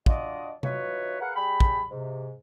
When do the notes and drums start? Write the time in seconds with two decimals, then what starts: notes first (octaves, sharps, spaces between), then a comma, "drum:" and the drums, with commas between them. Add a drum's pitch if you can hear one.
0.06 D4 F4 F#4 D5 D#5, drum: kick
0.63 E3 D#4 F4 F#4 B4 C#5, drum: tom C3
1.20 G#4 A#4 B4 F5 F#5
1.36 G3 G#4 G5 B5
1.60 drum: kick
1.90 G#2 C3